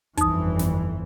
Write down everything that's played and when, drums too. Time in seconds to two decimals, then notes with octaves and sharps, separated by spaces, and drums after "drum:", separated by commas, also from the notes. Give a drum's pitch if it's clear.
0.17 G1 F2 E3 D#4 D#6, drum: kick, hi-hat
0.59 drum: snare